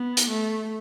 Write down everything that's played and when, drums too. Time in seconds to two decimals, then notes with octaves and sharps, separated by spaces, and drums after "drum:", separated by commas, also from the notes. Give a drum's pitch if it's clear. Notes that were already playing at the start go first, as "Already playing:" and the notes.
Already playing: B3
0.17 drum: hi-hat
0.30 A3